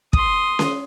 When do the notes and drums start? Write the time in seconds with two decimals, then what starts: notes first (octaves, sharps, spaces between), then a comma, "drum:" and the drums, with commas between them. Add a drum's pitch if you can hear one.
0.13 C6 D#6, drum: kick
0.59 drum: snare C#4